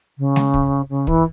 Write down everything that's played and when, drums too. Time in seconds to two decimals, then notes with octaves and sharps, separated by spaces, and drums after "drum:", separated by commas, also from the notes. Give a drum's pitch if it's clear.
0.18 C#3
0.36 drum: snare G#3
0.54 drum: kick
0.89 C#3
1.07 E3, drum: kick